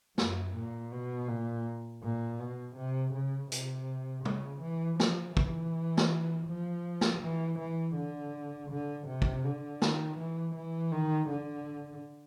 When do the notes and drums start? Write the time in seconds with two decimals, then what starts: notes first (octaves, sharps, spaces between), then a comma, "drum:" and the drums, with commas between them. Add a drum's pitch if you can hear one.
0.18 F#2, drum: snare
0.55 A#2
0.92 B2
1.28 A#2
2.03 A#2
2.40 B2
2.77 C3
3.14 C#3
3.52 C3, drum: hi-hat
4.25 C#3, drum: tom
4.62 E3
5.00 F3, drum: snare
5.37 E3, drum: kick
5.98 drum: snare
6.48 F3
7.01 drum: snare
7.22 E3
7.59 E3
7.97 D3
8.71 D3
9.08 C3
9.22 drum: kick
9.45 D3
9.82 D#3, drum: snare
10.19 E3
10.56 E3
10.92 D#3
11.30 D3